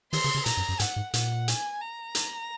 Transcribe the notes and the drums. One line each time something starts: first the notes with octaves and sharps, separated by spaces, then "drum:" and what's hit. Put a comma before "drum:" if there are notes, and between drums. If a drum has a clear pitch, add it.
D#3 C6, drum: open hi-hat
C#3
C#3
A#2 A#5, drum: hi-hat
F#2
F#2
G#2 F#5, drum: hi-hat
G#2
A#2 F#5, drum: hi-hat
G#5, drum: hi-hat
A#5
drum: hi-hat